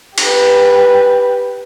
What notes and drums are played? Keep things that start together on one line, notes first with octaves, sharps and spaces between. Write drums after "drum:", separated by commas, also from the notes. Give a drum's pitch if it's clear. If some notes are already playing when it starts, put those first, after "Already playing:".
G4 B4, drum: cymbal